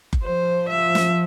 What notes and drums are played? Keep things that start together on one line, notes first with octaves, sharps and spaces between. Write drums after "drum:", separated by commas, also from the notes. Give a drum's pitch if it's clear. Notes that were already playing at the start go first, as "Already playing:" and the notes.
drum: kick F#1
F3 C5
E5
drum: snare